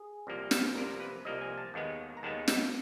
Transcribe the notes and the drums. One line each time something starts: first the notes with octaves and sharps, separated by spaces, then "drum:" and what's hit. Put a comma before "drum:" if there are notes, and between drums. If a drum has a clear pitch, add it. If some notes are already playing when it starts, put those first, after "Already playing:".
Already playing: G#4
C2 C3 F3 A#3
drum: snare
C2 C3 F3 A#3 A#4
B4
C2 C3 F3 A#3 D#5
G#5
A5
D#2 D#3 G#3 B3
A#5
D#2 D#3 G#3 B3 A5
drum: snare